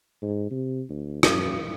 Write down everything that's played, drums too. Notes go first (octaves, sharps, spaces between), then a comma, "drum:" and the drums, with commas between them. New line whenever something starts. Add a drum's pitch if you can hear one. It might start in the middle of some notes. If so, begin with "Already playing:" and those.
G#2
C3
D2
F#2, drum: rim click